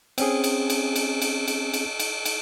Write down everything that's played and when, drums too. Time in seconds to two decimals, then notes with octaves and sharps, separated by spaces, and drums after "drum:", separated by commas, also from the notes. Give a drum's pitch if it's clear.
0.18 C4 C#4 G#4, drum: cymbal
0.44 drum: cymbal
0.70 drum: cymbal
0.96 drum: cymbal
1.22 drum: cymbal
1.48 drum: cymbal
1.74 drum: cymbal
1.99 drum: cymbal
2.25 drum: cymbal